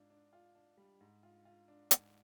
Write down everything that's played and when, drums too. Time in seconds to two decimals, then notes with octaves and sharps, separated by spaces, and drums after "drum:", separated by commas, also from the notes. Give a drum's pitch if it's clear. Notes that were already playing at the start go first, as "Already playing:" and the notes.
Already playing: G#2 D4 F4
0.10 D4
0.33 F4
0.55 D4
0.78 G3
1.01 G#2
1.23 F4
1.45 F4
1.68 D4
1.91 G#2, drum: hi-hat